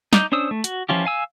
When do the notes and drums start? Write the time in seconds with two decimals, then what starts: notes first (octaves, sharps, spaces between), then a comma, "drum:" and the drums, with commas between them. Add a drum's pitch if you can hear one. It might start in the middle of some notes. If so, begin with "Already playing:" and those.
0.13 D#4 D6 G6, drum: snare
0.32 C#4 D4 C5 D#6 E6
0.51 A3
0.64 F#4, drum: hi-hat
0.89 E3 F3 C#4 F4 G4
1.05 F5 G#5 E6